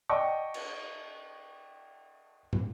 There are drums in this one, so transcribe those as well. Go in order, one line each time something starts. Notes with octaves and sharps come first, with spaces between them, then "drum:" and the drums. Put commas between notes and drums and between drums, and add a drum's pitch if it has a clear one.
D5 D#5 F#5 G5 A5 C#6
drum: cymbal
drum: tom